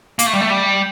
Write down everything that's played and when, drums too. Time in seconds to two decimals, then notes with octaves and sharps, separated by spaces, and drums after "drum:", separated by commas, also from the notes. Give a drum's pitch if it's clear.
0.19 A#3, drum: hi-hat
0.26 A3
0.33 G3
0.41 A3
0.50 G3